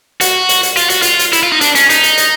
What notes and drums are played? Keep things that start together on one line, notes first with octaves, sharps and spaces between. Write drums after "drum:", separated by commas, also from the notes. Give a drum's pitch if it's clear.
F#4, drum: hi-hat
drum: hi-hat
drum: hi-hat
F4, drum: hi-hat
F#4, drum: hi-hat
F4, drum: hi-hat
drum: hi-hat
E4, drum: hi-hat
F4
D#4
D4, drum: hi-hat
C#4, drum: hi-hat
D#4, drum: hi-hat
drum: hi-hat
drum: hi-hat